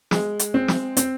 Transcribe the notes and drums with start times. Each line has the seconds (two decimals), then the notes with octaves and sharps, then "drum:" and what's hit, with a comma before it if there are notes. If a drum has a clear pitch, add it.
0.11 G#3, drum: snare
0.39 drum: hi-hat
0.54 C4
0.68 drum: snare
0.97 C4, drum: hi-hat